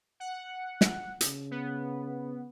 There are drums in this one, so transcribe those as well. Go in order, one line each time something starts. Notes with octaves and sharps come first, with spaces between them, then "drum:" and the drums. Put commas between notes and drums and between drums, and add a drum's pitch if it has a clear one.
F#5
drum: snare
C#3, drum: hi-hat
B3